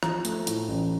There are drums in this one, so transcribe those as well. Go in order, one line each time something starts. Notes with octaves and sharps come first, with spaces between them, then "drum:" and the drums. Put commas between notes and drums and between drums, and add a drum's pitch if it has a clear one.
F3 A#5, drum: rim click
A3, drum: hi-hat
A2, drum: hi-hat
A1